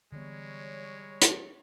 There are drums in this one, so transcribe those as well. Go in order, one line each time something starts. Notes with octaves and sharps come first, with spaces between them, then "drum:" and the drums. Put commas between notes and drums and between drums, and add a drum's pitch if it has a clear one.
D3 E3 G3 G#3 B3 C#5
drum: hi-hat